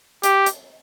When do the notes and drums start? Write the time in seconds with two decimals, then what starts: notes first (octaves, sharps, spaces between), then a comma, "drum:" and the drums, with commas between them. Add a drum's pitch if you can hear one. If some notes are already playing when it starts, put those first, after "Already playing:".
0.23 G4, drum: hi-hat
0.46 drum: hi-hat